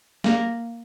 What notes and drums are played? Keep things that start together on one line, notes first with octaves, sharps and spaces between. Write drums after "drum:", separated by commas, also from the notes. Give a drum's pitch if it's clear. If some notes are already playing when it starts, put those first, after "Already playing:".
A#3, drum: snare